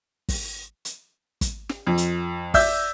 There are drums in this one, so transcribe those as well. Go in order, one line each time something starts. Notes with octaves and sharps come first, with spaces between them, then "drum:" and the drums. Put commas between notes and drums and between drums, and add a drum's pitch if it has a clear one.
drum: kick, open hi-hat
drum: hi-hat
drum: kick, hi-hat
drum: snare
F2
drum: hi-hat
D5 E5 E6 G6, drum: kick, open hi-hat